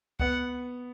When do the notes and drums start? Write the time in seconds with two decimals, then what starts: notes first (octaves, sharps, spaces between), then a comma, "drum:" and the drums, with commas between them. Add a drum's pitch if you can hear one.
0.20 B3 F#5, drum: kick C#2